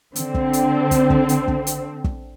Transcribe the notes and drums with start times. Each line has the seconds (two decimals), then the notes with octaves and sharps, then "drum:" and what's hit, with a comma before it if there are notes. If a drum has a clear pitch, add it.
0.16 D3 C4, drum: hi-hat
0.34 drum: kick
0.53 drum: hi-hat
0.91 drum: kick, hi-hat
1.10 drum: kick
1.29 drum: hi-hat
1.48 drum: kick
1.67 drum: hi-hat
2.04 drum: kick